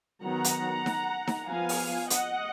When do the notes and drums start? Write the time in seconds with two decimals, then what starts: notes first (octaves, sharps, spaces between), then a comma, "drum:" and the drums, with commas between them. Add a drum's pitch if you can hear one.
0.23 D#3 F#3 B3 F#5 A#5
0.44 drum: hi-hat
0.86 drum: snare D#4
1.27 drum: snare D#4
1.48 F3 B3 F5 G#5
1.69 drum: open hi-hat
2.10 D#5 F#5, drum: hi-hat